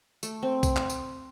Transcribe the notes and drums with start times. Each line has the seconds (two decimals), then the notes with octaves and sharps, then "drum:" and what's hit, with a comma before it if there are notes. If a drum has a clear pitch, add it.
0.23 A3, drum: tambourine
0.43 C4
0.63 drum: kick B1, tambourine
0.76 drum: clap
0.90 drum: tambourine